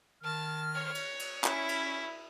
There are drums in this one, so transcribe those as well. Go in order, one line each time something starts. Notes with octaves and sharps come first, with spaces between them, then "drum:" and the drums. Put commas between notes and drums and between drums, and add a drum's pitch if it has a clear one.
D#3 A5 F6
C#5
drum: cymbal
drum: cymbal
C#4 E4, drum: clap
drum: cymbal